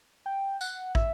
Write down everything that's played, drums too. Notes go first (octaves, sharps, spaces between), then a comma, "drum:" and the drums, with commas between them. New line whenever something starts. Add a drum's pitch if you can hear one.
G5
F#5, drum: tambourine
E5, drum: kick